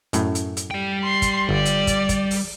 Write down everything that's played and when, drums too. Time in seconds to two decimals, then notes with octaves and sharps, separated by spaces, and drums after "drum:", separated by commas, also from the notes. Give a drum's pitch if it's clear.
0.13 F#2 A2, drum: hi-hat
0.35 drum: hi-hat
0.57 drum: hi-hat
0.71 G3 G5
1.03 C6
1.22 drum: kick, hi-hat
1.49 G1 D5
1.65 drum: hi-hat
1.87 drum: kick, hi-hat
2.09 drum: kick, hi-hat
2.31 drum: open hi-hat